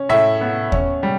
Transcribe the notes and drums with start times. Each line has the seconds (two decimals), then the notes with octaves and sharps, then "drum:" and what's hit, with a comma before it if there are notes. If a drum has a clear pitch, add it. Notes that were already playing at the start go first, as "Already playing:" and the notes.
Already playing: C#4
0.09 A2 E5
0.41 B3
0.72 C#4, drum: kick D#2
1.03 G3